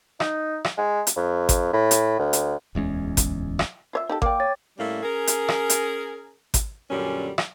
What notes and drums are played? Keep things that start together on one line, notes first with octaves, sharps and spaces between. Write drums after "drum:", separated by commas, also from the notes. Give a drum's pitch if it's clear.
D#4, drum: rim click
drum: rim click
G#3
drum: hi-hat
F2
drum: kick G#1, hi-hat
A2
drum: hi-hat
D2
drum: hi-hat
D1 E2 G#3 C#4
drum: kick G#1, hi-hat
drum: rim click
F4 C#5 E5
D#4 G4 A4
A#3 D5 G5 D6, drum: kick G#1
C#5 A6
A2 G3 A3 A#3 C#4
C#4 G#4 A#4
drum: hi-hat
drum: rim click
drum: hi-hat
drum: kick G#1, hi-hat
F#2 A#2 D3 G3 C#4
drum: rim click